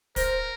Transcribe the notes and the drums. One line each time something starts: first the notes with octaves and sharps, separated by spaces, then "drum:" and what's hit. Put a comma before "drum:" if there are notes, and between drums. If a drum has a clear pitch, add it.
A#4 C5, drum: kick, open hi-hat